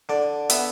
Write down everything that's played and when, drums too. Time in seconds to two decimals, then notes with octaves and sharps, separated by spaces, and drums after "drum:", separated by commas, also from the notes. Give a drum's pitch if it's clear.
0.09 D3 D5
0.50 B3 E5, drum: hi-hat